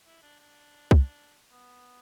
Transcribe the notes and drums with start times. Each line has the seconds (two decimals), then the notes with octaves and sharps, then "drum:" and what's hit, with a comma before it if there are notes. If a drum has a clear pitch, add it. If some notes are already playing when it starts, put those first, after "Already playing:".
0.07 E4
0.23 D4
0.40 D4
0.91 drum: kick C2
1.52 B3